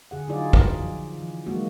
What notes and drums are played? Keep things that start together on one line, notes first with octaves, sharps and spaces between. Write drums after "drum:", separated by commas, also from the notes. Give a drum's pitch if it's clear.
D3 G#4 F#5
D3 F#3 D#4 F4 G#4 D5
drum: kick
F3
E3
F#3 G#3 A#3 D#4 F#4